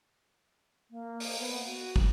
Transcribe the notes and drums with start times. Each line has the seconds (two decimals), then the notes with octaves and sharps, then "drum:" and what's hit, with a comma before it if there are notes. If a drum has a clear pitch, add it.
0.91 A#3
1.20 drum: open hi-hat
1.39 B3
1.66 F#4
1.96 drum: kick